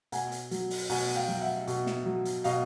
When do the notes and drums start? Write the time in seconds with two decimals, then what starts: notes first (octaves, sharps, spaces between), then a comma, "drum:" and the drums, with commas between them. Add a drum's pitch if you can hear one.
0.12 B2 F#5 G#5, drum: hi-hat
0.32 drum: hi-hat
0.51 F#3, drum: hi-hat
0.70 drum: open hi-hat
0.90 B2 F#5 G#5, drum: open hi-hat
1.15 F5 G5
1.28 F#3
1.41 E5 F#5
1.67 B2, drum: hi-hat
1.87 drum: snare
2.06 F#3
2.25 drum: hi-hat
2.44 B2 D#5 F5, drum: hi-hat